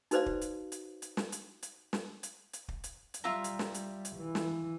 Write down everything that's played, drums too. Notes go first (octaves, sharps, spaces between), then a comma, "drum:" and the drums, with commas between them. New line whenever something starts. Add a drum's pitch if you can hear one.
D#4 F#4 B4 C5 D5 F5, drum: hi-hat
drum: kick
drum: hi-hat
drum: hi-hat
drum: hi-hat
drum: snare
drum: hi-hat
drum: hi-hat
drum: snare
drum: hi-hat
drum: hi-hat
drum: kick
drum: hi-hat
drum: hi-hat
G3 F4 E5 A#5
drum: hi-hat
drum: snare
drum: hi-hat
drum: hi-hat
E3
drum: snare